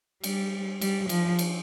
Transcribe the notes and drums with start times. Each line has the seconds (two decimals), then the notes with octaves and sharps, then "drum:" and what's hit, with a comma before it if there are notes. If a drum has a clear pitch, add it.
0.24 G3, drum: cymbal
0.81 G3, drum: cymbal
1.09 F3, drum: cymbal
1.39 drum: cymbal